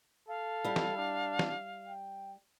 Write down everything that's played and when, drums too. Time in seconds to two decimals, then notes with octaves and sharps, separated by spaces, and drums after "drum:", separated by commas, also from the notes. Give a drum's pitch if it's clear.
0.28 A4 F5
0.64 G3 E4
0.76 drum: snare
0.97 D4
1.39 drum: snare
1.87 G5